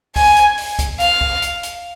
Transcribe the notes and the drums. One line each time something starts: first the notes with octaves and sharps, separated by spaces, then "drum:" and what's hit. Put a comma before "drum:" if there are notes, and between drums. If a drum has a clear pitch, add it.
G#5, drum: kick, open hi-hat
drum: hi-hat
drum: open hi-hat
drum: kick, hi-hat
F5, drum: hi-hat
drum: kick
drum: hi-hat
drum: hi-hat